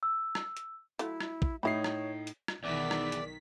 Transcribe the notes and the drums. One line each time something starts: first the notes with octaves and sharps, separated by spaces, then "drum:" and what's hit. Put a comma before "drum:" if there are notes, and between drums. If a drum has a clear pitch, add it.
E6
drum: rim click
drum: hi-hat
F#3 A3 E4 F4, drum: hi-hat
drum: rim click
drum: kick
A2 D#4 E4 C#5 B5 C7
drum: rim click
drum: hi-hat
drum: rim click
B1 E2 D#3 E3 D5 B6
drum: rim click
drum: hi-hat